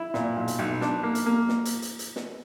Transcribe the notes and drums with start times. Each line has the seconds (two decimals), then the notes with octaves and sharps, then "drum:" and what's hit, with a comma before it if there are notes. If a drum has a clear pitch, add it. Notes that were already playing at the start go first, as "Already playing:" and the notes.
Already playing: E4
0.14 A#2, drum: snare
0.36 B1
0.48 drum: hi-hat
0.59 B1
0.81 D4, drum: snare
1.03 A#3
1.15 drum: hi-hat
1.26 A#3
1.49 drum: snare
1.65 drum: hi-hat
1.82 drum: hi-hat
1.99 drum: hi-hat
2.16 drum: snare